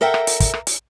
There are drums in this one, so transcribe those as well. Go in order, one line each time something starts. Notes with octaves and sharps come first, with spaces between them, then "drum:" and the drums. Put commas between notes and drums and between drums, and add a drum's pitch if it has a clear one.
A4 A#4 E5 F#5 G5
drum: rim click
drum: hi-hat
drum: kick, hi-hat
drum: rim click
drum: hi-hat